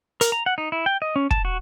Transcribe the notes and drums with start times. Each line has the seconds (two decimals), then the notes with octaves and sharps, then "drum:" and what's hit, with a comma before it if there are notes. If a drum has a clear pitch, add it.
0.21 A#4, drum: hi-hat
0.32 A#5
0.46 F#5
0.58 D#4
0.72 E4
0.86 G5
1.02 D#5
1.16 C#4
1.31 A5, drum: kick
1.45 F#4